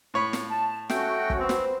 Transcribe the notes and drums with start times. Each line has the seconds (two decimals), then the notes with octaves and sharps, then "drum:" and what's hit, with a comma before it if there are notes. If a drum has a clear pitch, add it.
0.14 A2 C#5 B5
0.33 drum: snare
0.50 A5
0.90 A3 C#4 F#4 G5, drum: snare
1.30 drum: kick
1.40 B3 C4 C5
1.49 drum: snare